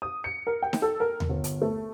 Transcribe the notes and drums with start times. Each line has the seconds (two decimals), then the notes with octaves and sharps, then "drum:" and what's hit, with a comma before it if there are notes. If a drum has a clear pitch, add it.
0.02 D#6
0.24 C#7
0.47 A#4
0.62 G5
0.73 drum: snare D#4
0.82 A4
1.00 A#4
1.20 drum: tom D#2
1.29 G1
1.44 drum: hi-hat
1.62 A3